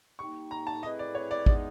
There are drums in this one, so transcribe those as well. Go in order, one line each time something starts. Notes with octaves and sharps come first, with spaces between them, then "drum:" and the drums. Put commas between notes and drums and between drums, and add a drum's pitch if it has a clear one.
G3 A#3 D#4 G4 C#6
A#5
A5
A3 C4 E4 G#4 B4 D#5
D5
C#5
D5
E3 G#3 B3 D#4 G#4 D5, drum: kick